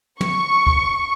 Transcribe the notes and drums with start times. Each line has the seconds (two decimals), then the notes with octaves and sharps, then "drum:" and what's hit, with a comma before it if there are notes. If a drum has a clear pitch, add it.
0.21 C#6, drum: tom
0.67 drum: kick